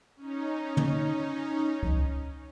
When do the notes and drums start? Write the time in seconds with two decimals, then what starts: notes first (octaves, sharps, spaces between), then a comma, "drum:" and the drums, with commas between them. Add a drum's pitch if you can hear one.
0.16 C#4 D#4
0.77 drum: tom
1.83 drum: kick C#2